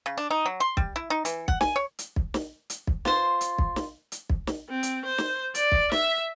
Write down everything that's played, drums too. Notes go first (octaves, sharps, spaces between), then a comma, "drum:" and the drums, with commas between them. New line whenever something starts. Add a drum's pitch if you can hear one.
C#3
D4
D#4
F#3
C6
G3, drum: kick
E4
D#4
E3, drum: hi-hat
F#5, drum: kick
G#5, drum: snare
C#5
drum: hi-hat
drum: kick
drum: snare
drum: hi-hat
drum: kick
F4 C5, drum: snare
drum: hi-hat
drum: kick
drum: snare
drum: hi-hat
drum: kick
drum: snare
C4
drum: hi-hat
C5
drum: snare
D5, drum: hi-hat
drum: kick
E5, drum: snare